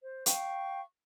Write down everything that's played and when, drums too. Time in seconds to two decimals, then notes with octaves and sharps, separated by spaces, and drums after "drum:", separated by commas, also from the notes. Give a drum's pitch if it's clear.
0.02 C5
0.26 F5 G5 C#6, drum: hi-hat